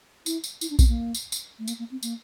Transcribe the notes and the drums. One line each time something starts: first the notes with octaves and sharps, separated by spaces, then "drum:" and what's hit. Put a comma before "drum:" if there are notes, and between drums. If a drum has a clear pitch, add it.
E4, drum: tambourine
drum: tambourine
E4, drum: tambourine
D4
C4, drum: kick A#1, tambourine
A#3
drum: tambourine
drum: tambourine
A3
A#3, drum: tambourine
A#3
C4
A#3, drum: tambourine